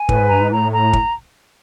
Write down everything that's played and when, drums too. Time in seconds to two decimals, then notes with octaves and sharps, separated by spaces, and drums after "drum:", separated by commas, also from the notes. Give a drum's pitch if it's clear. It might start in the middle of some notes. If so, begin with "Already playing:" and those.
Already playing: G#5
0.09 A2 B4, drum: kick
0.19 G#2
0.30 G2 A#5
0.41 G#2
0.51 A2 A#5
0.72 A#5
0.93 drum: kick